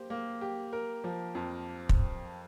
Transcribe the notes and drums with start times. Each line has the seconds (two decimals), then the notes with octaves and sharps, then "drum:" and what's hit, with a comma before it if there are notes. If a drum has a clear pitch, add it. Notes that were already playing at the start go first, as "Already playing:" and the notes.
Already playing: A#3 G4 C5
0.10 A#3
0.41 G4
0.73 A#4
1.04 F3
1.35 F2
1.89 drum: kick